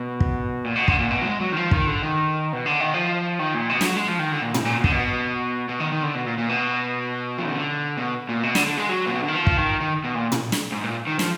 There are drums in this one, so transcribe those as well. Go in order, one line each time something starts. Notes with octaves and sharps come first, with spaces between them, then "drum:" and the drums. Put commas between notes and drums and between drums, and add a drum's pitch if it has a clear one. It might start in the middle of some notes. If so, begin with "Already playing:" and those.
Already playing: B2
drum: kick
A#2
B2
D3, drum: kick
A#2
B2
F#3
G#3
F#3
D#3
F3
D#3, drum: kick
D3
D#3
B2
D3
D#3
F3
D#3
A#2
B2
F3, drum: snare
F#3
G#3
F3
D#3
D3
A#2
G#2, drum: tom
A#2
B2
D3, drum: kick
B2
B2
D#3
D#3
D3
B2
A#2
A#2
B2
F3
D#3
D3
B2
A#2
B2
D3, drum: snare
D3
G#3
F#3
A#2
B2
D3
D#3
F3
drum: kick
D#3
D#3
B2
A#2
drum: tom
drum: snare
G#2
A#2
D#3
F3, drum: snare